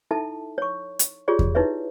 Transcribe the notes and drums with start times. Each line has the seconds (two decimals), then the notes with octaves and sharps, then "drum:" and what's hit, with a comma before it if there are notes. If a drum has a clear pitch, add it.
0.11 D#4 E4 A4 E5 A5
0.58 C#5 C#6
0.99 drum: hi-hat
1.28 F4 G4 G#4 C#5 D5
1.39 drum: kick E2
1.55 D#4 E4 G4 B4 C#5 E5